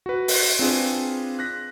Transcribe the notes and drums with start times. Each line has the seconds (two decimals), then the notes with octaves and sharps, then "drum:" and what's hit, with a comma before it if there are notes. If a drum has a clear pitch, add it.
0.06 F#4 B4
0.28 drum: open hi-hat
0.59 C4 D4 F4 G#4 B4
1.39 F#6 A#6 B6